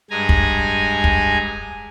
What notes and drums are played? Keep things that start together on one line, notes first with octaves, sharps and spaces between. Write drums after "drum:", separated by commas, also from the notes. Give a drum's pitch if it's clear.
G2 G#3 G#5 A#5
drum: kick
drum: kick